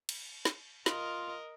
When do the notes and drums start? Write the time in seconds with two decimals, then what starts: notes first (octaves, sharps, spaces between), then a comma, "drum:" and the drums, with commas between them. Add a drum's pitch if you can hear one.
0.09 drum: cymbal
0.45 drum: snare
0.86 F4 A#4 D#5, drum: snare